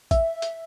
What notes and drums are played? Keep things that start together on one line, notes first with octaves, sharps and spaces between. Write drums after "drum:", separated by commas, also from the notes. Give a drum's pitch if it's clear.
E5, drum: kick, hi-hat
drum: hi-hat